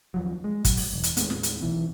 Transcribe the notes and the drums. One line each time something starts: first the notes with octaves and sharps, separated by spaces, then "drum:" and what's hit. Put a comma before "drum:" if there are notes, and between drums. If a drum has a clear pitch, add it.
D#2 F3 F#3
G#3
F#3, drum: kick, hi-hat
drum: open hi-hat
E1
drum: hi-hat
D#2 A2 G#3 B3, drum: hi-hat
drum: snare
drum: hi-hat
B1 E3